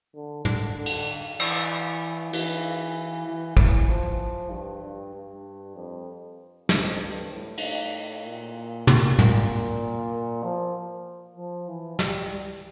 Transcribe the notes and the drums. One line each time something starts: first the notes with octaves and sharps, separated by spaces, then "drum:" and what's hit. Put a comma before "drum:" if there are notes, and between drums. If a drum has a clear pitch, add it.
D3
D3, drum: tom
D3
drum: cymbal
E3, drum: cymbal
E3, drum: cymbal
E3
E3, drum: kick
F3
G2
G2
G2
F2
F2, drum: snare
G2
A2
drum: cymbal
A#2
A#2, drum: tom
A#2, drum: tom
F3
F3
E3
G3, drum: snare
G3